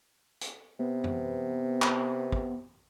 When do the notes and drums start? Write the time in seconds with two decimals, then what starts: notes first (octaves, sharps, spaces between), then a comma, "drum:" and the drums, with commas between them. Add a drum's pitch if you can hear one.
0.41 drum: hi-hat
0.79 C3 B3
1.04 drum: tom F#2
1.82 drum: clap
2.32 drum: kick